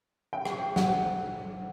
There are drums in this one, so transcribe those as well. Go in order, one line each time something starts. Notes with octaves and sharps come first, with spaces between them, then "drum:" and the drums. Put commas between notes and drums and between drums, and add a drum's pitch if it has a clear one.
G5
drum: rim click
F#5, drum: snare